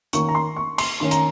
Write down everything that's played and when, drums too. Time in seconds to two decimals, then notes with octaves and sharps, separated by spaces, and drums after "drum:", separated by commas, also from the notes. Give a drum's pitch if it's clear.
0.13 D#3 A#3 C#4 C#6, drum: hi-hat
0.29 A#5
0.35 C6
0.57 C#6
0.78 C6, drum: cymbal
1.00 D#3 A#3 C#4 C6
1.11 A#5, drum: hi-hat